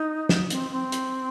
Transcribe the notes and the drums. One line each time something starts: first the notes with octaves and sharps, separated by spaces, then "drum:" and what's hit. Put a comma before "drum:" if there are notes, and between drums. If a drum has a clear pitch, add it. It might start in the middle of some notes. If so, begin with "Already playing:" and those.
Already playing: D#4
drum: snare
C4, drum: hi-hat
C4
drum: hi-hat